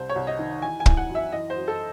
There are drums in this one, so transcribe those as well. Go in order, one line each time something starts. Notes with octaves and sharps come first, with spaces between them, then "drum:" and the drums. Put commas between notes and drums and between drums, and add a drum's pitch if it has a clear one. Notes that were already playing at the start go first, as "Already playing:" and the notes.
Already playing: C2 C5
C#5
C2
D#5
D#3
E3 G#5
G#5
E3, drum: kick
F#5
F#2
E5
E3 D#5
C5
F#2
A4